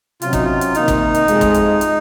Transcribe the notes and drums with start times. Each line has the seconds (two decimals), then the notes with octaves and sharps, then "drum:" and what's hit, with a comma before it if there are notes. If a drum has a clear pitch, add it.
0.22 C3 F#3 C#4 F4, drum: hi-hat
0.33 D#4, drum: kick, hi-hat
0.44 F4
0.61 drum: hi-hat
0.75 C3 D#3 A#3 D#4, drum: hi-hat
0.88 drum: kick, hi-hat
1.14 drum: hi-hat
1.28 F2 C3 F3 G#3, drum: hi-hat
1.41 drum: kick, hi-hat
1.54 drum: hi-hat
1.81 drum: hi-hat